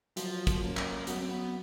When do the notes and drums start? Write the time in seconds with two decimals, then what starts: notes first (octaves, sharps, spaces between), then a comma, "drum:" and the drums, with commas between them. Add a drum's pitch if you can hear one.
0.17 F3 F#3, drum: hi-hat
0.47 drum: kick, hi-hat
0.62 A#3 C#4
0.77 drum: clap
1.07 F#3 B3, drum: hi-hat
1.19 C4
1.29 B3